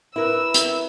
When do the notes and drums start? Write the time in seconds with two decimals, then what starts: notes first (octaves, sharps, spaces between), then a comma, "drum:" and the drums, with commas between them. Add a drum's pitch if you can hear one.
0.16 E4 A#4 B4 E6
0.54 drum: hi-hat